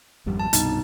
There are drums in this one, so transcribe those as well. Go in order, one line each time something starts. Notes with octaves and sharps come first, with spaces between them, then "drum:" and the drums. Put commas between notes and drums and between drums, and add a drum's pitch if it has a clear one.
G#1 F2 G3
A5
C2 G2 B2 D#4, drum: hi-hat